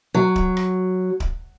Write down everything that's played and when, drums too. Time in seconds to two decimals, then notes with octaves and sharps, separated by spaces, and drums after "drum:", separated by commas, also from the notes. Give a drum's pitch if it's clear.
0.14 F#3
0.36 drum: kick D1
0.57 drum: rim click
1.20 drum: kick D1